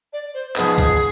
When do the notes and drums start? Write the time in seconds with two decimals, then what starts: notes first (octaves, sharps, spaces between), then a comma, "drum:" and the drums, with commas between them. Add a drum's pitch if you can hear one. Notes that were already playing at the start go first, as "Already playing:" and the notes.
0.12 D5
0.34 C5
0.56 G#2 F3 B3 D#4 G#4 B4, drum: clap
0.78 drum: kick, tambourine